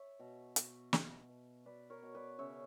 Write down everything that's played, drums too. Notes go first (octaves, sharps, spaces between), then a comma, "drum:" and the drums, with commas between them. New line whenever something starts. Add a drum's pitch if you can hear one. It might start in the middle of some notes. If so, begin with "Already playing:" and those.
Already playing: C#5 E5
B2
B2, drum: hi-hat
B2, drum: snare
B2
B2 B4 D5
A#4 C#5
B2
B4 D5
C#3 C#5 E5